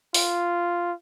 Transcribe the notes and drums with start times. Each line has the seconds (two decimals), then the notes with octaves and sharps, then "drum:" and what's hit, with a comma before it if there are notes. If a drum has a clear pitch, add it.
0.14 F4, drum: open hi-hat